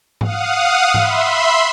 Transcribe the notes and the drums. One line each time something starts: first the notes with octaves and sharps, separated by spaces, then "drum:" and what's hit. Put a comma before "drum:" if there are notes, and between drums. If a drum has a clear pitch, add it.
F5 F#5 D#6, drum: tom G#2
E5 B5 C6, drum: tom G#2